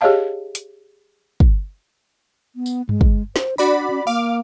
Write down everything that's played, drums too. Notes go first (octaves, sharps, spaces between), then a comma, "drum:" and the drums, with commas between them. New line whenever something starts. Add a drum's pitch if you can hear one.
G4 G#4 C#5 D#5 F5 A5
drum: hi-hat
drum: kick
B3
drum: tambourine
G#3, drum: tom G2
drum: kick
C5, drum: snare
D4 F#4 D5 B5
C#4
A#3 F5 D6